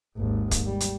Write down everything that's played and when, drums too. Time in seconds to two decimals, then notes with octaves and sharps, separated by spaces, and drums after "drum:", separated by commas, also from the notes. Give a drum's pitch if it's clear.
0.17 G#1 D#2
0.51 drum: kick, hi-hat
0.66 G3
0.80 drum: hi-hat